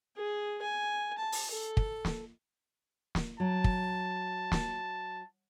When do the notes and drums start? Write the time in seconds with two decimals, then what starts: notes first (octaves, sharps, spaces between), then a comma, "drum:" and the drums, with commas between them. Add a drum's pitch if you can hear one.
0.16 G#4
0.61 G#5
1.18 A5
1.32 drum: open hi-hat
1.51 A4
1.77 drum: kick
2.05 drum: snare
3.15 drum: snare
3.40 F#3 A5
3.64 drum: kick
4.52 drum: snare